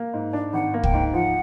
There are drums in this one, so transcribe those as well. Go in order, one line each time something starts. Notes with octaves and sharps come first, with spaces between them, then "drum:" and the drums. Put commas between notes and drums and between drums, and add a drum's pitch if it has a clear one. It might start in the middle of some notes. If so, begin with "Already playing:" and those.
Already playing: A#3
G#2
D4
G#1 F#5
A#3
G5, drum: kick
G#2
F3 F#5